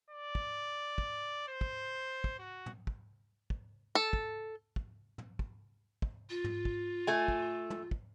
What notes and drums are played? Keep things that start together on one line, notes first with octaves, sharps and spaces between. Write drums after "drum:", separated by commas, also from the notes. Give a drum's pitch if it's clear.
D5
drum: kick
drum: kick
C5
drum: kick
drum: kick
F#4
drum: tom
drum: kick
drum: kick
A4
drum: kick
drum: kick
drum: tom
drum: kick
drum: kick
F4
drum: tom
drum: kick
A3 G#5
drum: kick
drum: tom
drum: kick